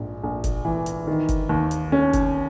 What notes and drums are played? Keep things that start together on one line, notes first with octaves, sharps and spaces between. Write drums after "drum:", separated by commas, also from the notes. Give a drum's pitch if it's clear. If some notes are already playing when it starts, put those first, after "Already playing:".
Already playing: A#1 G#2
A#1
drum: kick, hi-hat
E3
drum: hi-hat
D#3
drum: kick, hi-hat
D#2
drum: hi-hat
C#4
drum: kick, hi-hat